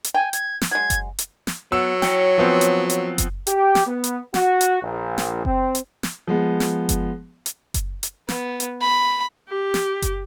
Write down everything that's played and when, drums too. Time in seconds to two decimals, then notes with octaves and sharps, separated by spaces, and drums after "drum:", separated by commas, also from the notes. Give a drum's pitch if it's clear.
0.04 drum: hi-hat
0.14 G5 G#5
0.33 G#6, drum: hi-hat
0.61 drum: snare
0.71 F#3 G#3 G#6
0.90 drum: kick F#1, hi-hat
1.19 drum: hi-hat
1.47 drum: snare
1.72 F#3 B3 E6
2.02 C#5 G5, drum: snare
2.38 F3 B3 C4
2.61 drum: hi-hat
2.90 drum: hi-hat
3.18 drum: kick F#1, hi-hat
3.47 G4, drum: hi-hat
3.75 drum: snare
3.86 B3
4.04 drum: hi-hat
4.34 F#4, drum: snare
4.61 drum: hi-hat
4.81 A#1
5.18 drum: snare
5.45 C4, drum: kick F#1
5.75 drum: hi-hat
6.03 drum: snare
6.27 F3 G#3 B3
6.60 drum: snare
6.89 drum: kick F#1, hi-hat
7.46 drum: hi-hat
7.74 drum: kick F#1, hi-hat
8.03 drum: hi-hat
8.29 B3, drum: snare
8.60 drum: hi-hat
8.81 B5
9.49 G4
9.74 drum: snare
10.02 drum: kick F#1, hi-hat